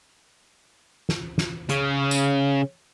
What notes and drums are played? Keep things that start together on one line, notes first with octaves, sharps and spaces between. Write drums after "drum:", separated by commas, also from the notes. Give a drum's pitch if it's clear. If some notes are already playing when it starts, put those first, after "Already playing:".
drum: snare
drum: snare
C#3, drum: hi-hat
drum: tambourine